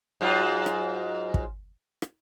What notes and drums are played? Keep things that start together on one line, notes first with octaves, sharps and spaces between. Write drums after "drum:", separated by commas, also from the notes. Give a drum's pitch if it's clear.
G#2 F#3 F4
drum: rim click
drum: kick
drum: rim click